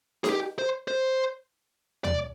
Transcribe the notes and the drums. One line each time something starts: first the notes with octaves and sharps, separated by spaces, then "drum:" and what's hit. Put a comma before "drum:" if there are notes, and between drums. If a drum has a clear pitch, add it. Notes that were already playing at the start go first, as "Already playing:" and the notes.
G#4, drum: snare D#4
G4
C5
C5
D5, drum: tom D#2